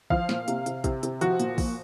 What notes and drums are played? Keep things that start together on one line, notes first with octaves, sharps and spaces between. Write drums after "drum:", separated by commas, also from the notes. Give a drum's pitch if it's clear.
F3 F5, drum: kick
A#2, drum: snare
C3, drum: hi-hat
C3, drum: hi-hat
C3, drum: kick, hi-hat
C3, drum: hi-hat
F3 F#4, drum: hi-hat
A#2, drum: hi-hat
F3, drum: kick, open hi-hat